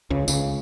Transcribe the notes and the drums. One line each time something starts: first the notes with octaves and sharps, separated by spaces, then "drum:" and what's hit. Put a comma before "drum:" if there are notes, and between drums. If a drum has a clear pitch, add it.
C#2 C#3
C#2 C#3, drum: tambourine